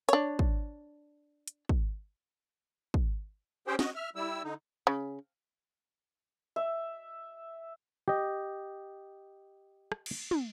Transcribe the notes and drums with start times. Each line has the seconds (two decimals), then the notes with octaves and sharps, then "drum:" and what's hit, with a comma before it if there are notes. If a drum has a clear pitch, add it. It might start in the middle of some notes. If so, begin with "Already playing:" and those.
0.09 D4 C#5, drum: hi-hat
0.39 drum: kick
1.48 drum: hi-hat
1.69 drum: kick
2.94 drum: kick
3.67 C#4 G4 G#4 C5 G5
3.79 F#4 D#5, drum: snare
3.95 E5 F6
4.16 G3 E4 E6
4.44 D3 D#4
4.87 C#3
6.56 E5
8.08 G4 D#5
9.92 drum: rim click
10.06 drum: cymbal
10.31 drum: tom